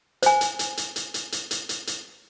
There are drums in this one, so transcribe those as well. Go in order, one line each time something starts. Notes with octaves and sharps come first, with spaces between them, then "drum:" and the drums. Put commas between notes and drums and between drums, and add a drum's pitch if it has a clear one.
C5 G#5, drum: hi-hat
drum: hi-hat
drum: hi-hat
drum: hi-hat
drum: hi-hat
drum: hi-hat
drum: hi-hat
drum: hi-hat
drum: hi-hat
drum: hi-hat